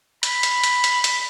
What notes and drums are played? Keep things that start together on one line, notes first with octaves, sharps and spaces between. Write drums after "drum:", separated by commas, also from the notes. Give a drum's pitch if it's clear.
B5, drum: hi-hat
drum: hi-hat
drum: hi-hat
drum: hi-hat
drum: hi-hat